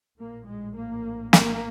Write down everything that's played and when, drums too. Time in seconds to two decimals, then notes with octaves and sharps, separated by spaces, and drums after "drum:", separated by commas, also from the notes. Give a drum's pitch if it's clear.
0.18 A#1 A2 A#3
0.47 G#3
0.76 A#3
1.33 A#3, drum: snare